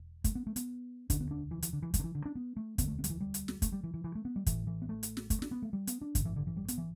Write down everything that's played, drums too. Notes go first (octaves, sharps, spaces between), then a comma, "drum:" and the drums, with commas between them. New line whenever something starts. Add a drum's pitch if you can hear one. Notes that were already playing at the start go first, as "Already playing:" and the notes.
Already playing: E1
A3, drum: kick, hi-hat
B3
A3
B3, drum: hi-hat
E1 D2 D3 D4, drum: kick, hi-hat
B3
D4
E3
E3, drum: hi-hat
D3
E3
G3, drum: kick, hi-hat
D3
E3
D3
D4
B3
A3
E1 D2 D3 B3, drum: kick, hi-hat
A3
B3
G3, drum: hi-hat
E3
G3
drum: hi-hat
drum: snare
A3, drum: kick, hi-hat
G3
E3
E3
E3
A3
B3
G3
A1 A2 E3, drum: kick, hi-hat
E3
B3
A3
drum: hi-hat
drum: snare
A3, drum: kick, hi-hat
D4, drum: snare
B3
A3
G3
B3, drum: hi-hat
D4
A1 G2 D3 A3, drum: kick, hi-hat
E3
D3
E3
G3
B3, drum: hi-hat
E3